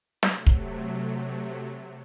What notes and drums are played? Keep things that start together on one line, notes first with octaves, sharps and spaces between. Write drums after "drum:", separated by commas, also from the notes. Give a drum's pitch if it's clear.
C3 F#3 A3, drum: snare
drum: kick